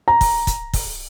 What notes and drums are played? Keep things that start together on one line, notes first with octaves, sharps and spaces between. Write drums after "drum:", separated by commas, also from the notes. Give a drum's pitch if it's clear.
A#5
drum: kick, open hi-hat
drum: kick, hi-hat
drum: kick, open hi-hat